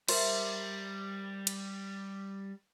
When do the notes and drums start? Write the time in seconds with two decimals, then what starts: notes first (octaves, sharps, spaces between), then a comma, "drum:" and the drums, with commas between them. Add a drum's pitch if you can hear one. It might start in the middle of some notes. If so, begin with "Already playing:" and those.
0.08 G3 A#4 C5 E5, drum: cymbal
1.47 drum: cymbal